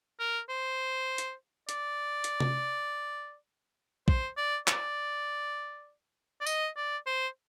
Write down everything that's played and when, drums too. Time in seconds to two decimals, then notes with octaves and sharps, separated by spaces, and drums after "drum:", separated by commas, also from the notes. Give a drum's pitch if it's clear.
0.19 A#4
0.49 C5
1.18 drum: hi-hat
1.69 D5, drum: hi-hat
2.24 drum: hi-hat
2.40 drum: tom C3
4.08 C5, drum: kick
4.37 D5
4.68 D5, drum: clap
6.41 D5
6.47 D#5, drum: tambourine
6.77 D5
7.07 C5